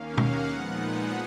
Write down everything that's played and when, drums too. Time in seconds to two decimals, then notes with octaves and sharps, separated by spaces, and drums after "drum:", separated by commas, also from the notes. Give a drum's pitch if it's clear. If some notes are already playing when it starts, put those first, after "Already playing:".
Already playing: D#2 D#3 A#3 C#4 F5
0.18 F#5, drum: tom B2
0.49 A#2 F3 G#3 B3 D#4